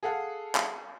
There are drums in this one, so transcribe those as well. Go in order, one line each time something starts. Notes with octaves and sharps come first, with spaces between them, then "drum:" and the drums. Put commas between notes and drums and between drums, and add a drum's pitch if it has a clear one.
G#4 A4 F5 F#5
drum: clap